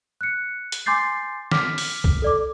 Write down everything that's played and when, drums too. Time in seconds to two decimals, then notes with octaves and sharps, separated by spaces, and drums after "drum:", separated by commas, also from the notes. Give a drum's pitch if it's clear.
0.21 F#6 C#7
0.72 drum: hi-hat
0.86 G#5 C6 D6 G6 A6 C7
1.52 D6 F6 B6, drum: snare
1.78 drum: open hi-hat
2.04 drum: kick
2.22 A4 D5 D6